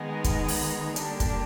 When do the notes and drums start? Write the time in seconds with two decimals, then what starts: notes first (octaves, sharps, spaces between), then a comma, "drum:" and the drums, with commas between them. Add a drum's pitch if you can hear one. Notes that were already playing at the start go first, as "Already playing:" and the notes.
Already playing: D#3 G#3 B3 D#4 G#4
0.24 drum: kick, hi-hat
0.48 drum: open hi-hat
0.96 D3 G3 A#3 D4 G4, drum: hi-hat
1.20 drum: kick, hi-hat